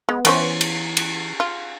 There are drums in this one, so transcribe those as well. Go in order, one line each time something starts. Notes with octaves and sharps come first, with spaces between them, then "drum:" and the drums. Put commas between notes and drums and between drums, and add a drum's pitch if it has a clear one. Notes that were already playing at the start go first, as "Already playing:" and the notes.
G#3 B3
E3 B3 C#4 C5, drum: cymbal
drum: cymbal
drum: cymbal
F4